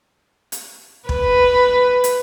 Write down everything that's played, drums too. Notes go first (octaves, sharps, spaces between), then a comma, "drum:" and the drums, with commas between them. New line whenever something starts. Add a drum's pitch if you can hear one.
drum: hi-hat
B4, drum: kick
drum: hi-hat